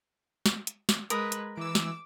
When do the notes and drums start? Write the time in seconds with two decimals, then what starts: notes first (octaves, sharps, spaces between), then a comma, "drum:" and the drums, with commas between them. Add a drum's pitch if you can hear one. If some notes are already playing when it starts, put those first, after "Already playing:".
0.46 drum: snare
0.67 drum: hi-hat
0.89 drum: snare
1.10 G#3 A#4 B4 B5 D#6, drum: hi-hat
1.32 drum: hi-hat
1.57 E3 D6 E6
1.75 drum: snare